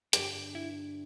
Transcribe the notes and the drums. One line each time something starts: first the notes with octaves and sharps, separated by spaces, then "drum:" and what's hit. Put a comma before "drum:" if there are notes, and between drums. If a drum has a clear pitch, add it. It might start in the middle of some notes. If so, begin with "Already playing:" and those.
G2 D3 G3 D4 F4 G4, drum: hi-hat
E4